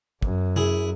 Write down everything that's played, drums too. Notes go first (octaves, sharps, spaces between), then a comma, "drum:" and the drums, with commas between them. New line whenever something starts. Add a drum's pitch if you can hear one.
F#2, drum: kick
E4 G#4, drum: tom C3